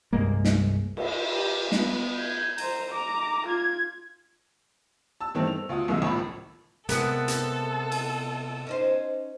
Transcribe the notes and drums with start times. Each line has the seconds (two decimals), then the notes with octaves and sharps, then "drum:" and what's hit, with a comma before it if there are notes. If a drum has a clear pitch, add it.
0.13 C2 G2 G#3 A#3
0.45 drum: snare
0.97 drum: cymbal
1.33 G4
1.72 B3, drum: snare
2.16 G6 G#6
2.58 C5 A#5, drum: cymbal
2.91 A#5 D6
3.47 F4 G#6
5.21 A5 E6
5.35 G2 D#3 E3 A3 C4
5.47 F7
5.69 D2 F4 F#4 D#6
5.88 C2 F#2 E3 G#3 F5 E6
6.02 G#1 C#2 A2 F3 B5
6.89 C3 G#3 B3 A4 A#4 D#6, drum: hi-hat
7.28 drum: hi-hat
7.92 drum: cymbal
8.67 C#4 D#4 C5